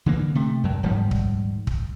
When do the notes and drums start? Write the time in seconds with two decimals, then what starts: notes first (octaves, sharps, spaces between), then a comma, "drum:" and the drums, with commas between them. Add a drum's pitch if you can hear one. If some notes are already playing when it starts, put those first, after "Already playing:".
0.06 D3 E3 A#3
0.35 C3 A3
0.64 F#2 F#3
0.83 D#1 G#2 F3 G3
1.11 drum: kick
1.67 drum: kick